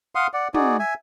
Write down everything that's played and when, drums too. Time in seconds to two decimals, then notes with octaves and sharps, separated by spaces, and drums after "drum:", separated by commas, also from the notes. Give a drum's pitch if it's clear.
0.15 F5 F#5 C6 D#6
0.34 D5 F#5
0.54 D#4 F#4 G#4 D5, drum: tom
0.79 E5 G#5